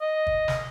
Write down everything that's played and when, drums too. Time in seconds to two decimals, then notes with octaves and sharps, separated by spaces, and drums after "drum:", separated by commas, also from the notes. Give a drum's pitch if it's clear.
0.01 D#5
0.27 drum: kick
0.48 drum: snare